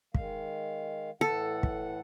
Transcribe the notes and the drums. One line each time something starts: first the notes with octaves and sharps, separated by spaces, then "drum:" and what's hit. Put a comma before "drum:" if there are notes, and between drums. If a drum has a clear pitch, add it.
D#3 G#3 F5, drum: kick
A2 E3 A4 F#5
drum: kick